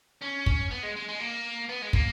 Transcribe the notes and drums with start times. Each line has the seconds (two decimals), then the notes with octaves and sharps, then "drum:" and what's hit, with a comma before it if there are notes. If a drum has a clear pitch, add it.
0.22 C#4
0.46 drum: kick
0.70 B3
0.83 G#3
0.96 G#3
1.08 G#3
1.19 A#3
1.69 B3
1.82 G#3
1.93 A#3, drum: kick